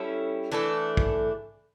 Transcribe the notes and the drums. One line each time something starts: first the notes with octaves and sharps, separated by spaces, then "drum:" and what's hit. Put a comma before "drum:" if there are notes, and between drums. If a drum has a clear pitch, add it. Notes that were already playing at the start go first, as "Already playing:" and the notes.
Already playing: G3 C#4 E4 A4
E3 A3 D4 A4
drum: kick